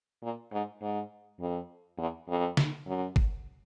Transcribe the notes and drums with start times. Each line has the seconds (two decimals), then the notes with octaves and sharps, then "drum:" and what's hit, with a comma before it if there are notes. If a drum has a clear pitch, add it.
0.23 A#2
0.52 G#2
0.82 G#2
1.40 F2
1.98 E2
2.28 F2
2.57 drum: snare
2.87 F#2
3.16 drum: kick